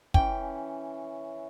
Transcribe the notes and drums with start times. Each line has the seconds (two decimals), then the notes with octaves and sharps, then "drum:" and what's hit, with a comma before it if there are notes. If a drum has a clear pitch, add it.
0.14 E3 C#4 G5, drum: kick